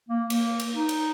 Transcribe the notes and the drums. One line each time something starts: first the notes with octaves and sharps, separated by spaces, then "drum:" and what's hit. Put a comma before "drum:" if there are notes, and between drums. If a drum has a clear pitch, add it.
A#3
A#3, drum: cymbal
drum: cymbal
D#4
drum: cymbal